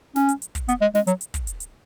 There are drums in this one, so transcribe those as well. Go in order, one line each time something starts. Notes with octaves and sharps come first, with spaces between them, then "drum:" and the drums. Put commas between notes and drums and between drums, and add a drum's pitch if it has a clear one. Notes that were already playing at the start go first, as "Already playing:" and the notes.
C#4, drum: snare
drum: hi-hat
drum: hi-hat
drum: kick, hi-hat
B3, drum: hi-hat
G#3
G#3, drum: snare
F#3, drum: hi-hat
drum: hi-hat
drum: kick, hi-hat
drum: hi-hat
drum: hi-hat